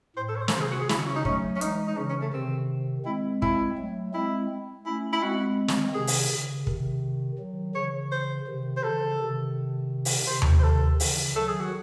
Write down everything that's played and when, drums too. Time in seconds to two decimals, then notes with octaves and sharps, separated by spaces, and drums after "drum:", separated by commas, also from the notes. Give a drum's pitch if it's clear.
0.16 A2 C5
0.29 A4
0.36 C#5
0.41 C5
0.48 A4, drum: snare
0.53 C3 C5
0.61 G#4
0.71 F#4
0.80 G#4
0.89 C#3 E4, drum: snare
0.99 F#4
1.07 C#4
1.16 D#4
1.25 F#3 A3 C#4, drum: kick
1.55 C#4
1.61 E3 G#3 D#4, drum: hi-hat
1.88 D#4
1.97 C#3 E3 C#4
2.10 C#4
2.22 A3
2.33 C3 D#3 C4
3.05 G#3 C4 E4
3.42 E4, drum: kick
3.78 F#3 A3
4.14 G#3 C4 E4
4.86 A3 C#4 E4
5.13 E4
5.22 G#3 C4 F#4
5.68 drum: snare
5.94 C3 D#3 G#4
6.07 drum: open hi-hat
6.31 C#3
6.67 C3 D#3, drum: kick
7.39 D#3 F#3
7.75 C#3 E3 C#5
8.12 C5
8.47 C3 D#3
8.77 C5
8.83 C#3 E3 A4
9.20 C3 D#3
10.05 drum: open hi-hat
10.27 C3 D#3 C5
10.42 drum: tom D#2
10.60 C5
10.64 A4
11.00 C#3 E3, drum: open hi-hat
11.36 D#3 F#3 A4
11.48 G#4
11.60 F#4